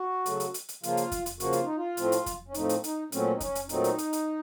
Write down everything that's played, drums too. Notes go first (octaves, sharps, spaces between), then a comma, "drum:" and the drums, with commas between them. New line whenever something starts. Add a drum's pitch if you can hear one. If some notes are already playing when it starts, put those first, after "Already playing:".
Already playing: F#4
C#3 F#3 A3, drum: hi-hat
drum: hi-hat
drum: hi-hat
drum: hi-hat
C#3 F3 A#3 F4, drum: hi-hat
drum: hi-hat
drum: kick F2, hi-hat
drum: hi-hat
C#3 F3 A#3 F#4, drum: hi-hat
F4, drum: hi-hat
D#4
F4
A2 F3 A3 C4, drum: hi-hat
drum: hi-hat
drum: kick F2, hi-hat
C#4
A2 F3 A3 C4 D#4, drum: hi-hat
drum: hi-hat
D#4, drum: hi-hat
A#2 F#3 A3 C4 C#4, drum: hi-hat
D#4
C#4, drum: kick F2, hi-hat
drum: hi-hat
A#2 F#3 A3 C4 D#4, drum: hi-hat
drum: hi-hat
drum: hi-hat
drum: hi-hat